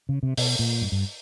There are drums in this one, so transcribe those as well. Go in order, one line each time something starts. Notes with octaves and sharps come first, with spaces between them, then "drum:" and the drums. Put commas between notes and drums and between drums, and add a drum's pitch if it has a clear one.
C#3
C3
B2, drum: open hi-hat
A#2
G2
G2